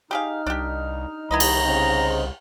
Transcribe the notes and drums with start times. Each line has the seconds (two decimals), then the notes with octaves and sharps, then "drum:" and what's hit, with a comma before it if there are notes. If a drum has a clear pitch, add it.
0.11 D#4 G4 G#4 F5 F6
0.46 C2 D4 G4
1.31 C2 D#3 D#4 E4 B4 D#5 A#5
1.40 drum: cymbal
1.64 C#3 C4 D#4